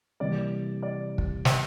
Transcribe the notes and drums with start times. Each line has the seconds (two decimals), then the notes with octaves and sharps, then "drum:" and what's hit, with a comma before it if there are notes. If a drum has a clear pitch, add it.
0.20 C3 E3 G3 A#3 D5
0.83 D5
1.18 drum: kick
1.45 C5, drum: snare